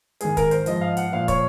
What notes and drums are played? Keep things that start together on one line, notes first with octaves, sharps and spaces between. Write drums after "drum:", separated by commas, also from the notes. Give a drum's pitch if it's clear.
G#2 D#3 G#4, drum: hi-hat
A#4, drum: kick, hi-hat
C5, drum: hi-hat
G#2 F3 D#5, drum: hi-hat
F5
F#5, drum: hi-hat
A#2 F3 F5
C#5, drum: kick, hi-hat